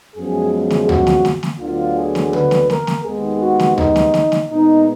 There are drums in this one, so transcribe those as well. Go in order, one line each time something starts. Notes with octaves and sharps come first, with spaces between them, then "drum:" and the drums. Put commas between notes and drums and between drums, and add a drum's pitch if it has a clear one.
F#2 F3 G#3 B3 G#4
drum: snare
F#4, drum: tom D2
drum: snare
drum: snare
drum: snare
D2 D3 F#3 B3 F4
G#4
drum: snare
B4, drum: tom C#3
drum: snare
A#4, drum: snare
drum: snare
D#2 D#3 G#3 B3 G#4
F#4
drum: snare
D#4, drum: tom D2
drum: snare
drum: snare
drum: snare
A#2 G#3 B3 D#4